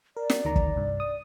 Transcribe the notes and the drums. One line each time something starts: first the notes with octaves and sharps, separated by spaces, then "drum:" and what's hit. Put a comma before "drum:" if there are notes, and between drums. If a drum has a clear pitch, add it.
A#4 D5
drum: snare
D2 D#3 A#5
drum: kick
C2 G2
D#6